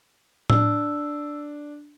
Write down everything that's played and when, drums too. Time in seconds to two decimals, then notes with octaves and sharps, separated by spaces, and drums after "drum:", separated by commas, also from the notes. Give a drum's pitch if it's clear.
0.50 D4 E6, drum: tom A2